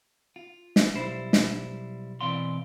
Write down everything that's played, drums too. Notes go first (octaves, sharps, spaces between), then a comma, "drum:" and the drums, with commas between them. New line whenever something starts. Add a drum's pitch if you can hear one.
F4
drum: snare
B1 G3 E4 C5
drum: snare
B2 E3 C4 D5 F5 C6